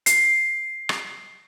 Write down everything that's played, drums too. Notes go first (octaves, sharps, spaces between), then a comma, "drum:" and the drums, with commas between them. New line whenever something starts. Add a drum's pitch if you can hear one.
C7, drum: hi-hat
drum: rim click